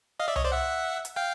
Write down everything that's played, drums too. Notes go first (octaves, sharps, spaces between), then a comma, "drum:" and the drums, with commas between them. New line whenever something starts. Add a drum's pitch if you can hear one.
D#5 F5
D5 E5
C#5 D#5, drum: tom C2
C5 D5
E5 F#5
drum: hi-hat
F5 G5